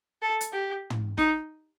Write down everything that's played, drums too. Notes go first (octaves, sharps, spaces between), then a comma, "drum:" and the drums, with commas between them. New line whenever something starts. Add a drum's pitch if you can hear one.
A4
drum: hi-hat
G4
drum: tom
D#4, drum: snare